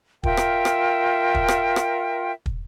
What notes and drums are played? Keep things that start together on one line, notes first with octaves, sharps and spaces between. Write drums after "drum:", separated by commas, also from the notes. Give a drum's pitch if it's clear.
F4 A#4 E5 G5, drum: kick
drum: rim click
drum: rim click
drum: kick
drum: rim click
drum: rim click
drum: kick